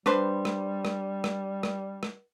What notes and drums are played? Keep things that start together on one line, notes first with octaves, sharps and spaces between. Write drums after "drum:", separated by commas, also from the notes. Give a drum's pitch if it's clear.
G3 D4 B4 C5, drum: rim click
drum: rim click
drum: rim click
drum: rim click
drum: rim click
drum: rim click